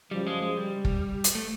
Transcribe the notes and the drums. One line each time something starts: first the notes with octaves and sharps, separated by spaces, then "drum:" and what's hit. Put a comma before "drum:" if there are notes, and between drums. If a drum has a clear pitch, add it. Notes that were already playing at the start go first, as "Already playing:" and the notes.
F#2 C#3 F3 G3
G#3
G#3
G3
drum: kick
drum: hi-hat
A3